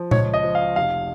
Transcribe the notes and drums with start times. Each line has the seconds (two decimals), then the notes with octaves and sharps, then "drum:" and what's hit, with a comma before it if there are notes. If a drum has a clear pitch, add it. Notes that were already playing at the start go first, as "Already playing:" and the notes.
Already playing: F3
0.11 C#2 C#5, drum: tom A#2
0.34 D#5
0.44 F3
0.55 F5
0.76 F1 F5